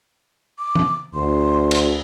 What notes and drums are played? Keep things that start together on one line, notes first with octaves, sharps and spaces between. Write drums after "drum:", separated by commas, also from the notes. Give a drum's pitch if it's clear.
D6
drum: tom E3
D2 C6
drum: cymbal